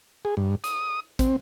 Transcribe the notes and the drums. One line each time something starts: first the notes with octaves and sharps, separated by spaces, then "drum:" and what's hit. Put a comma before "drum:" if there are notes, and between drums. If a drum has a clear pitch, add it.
G#4
G2
D#6, drum: hi-hat
C4, drum: kick, hi-hat